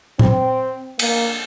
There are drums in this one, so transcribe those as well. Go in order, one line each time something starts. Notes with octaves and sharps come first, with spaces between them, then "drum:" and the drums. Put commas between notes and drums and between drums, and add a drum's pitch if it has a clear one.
C4, drum: tom A#2
A#3, drum: cymbal